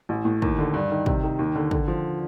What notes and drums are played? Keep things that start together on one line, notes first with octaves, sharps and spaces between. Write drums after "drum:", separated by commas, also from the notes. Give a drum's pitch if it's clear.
A1
A2
D#2, drum: kick
D3
G2
D#3
C3, drum: kick
D#3
D#2
D3
D3, drum: kick
F3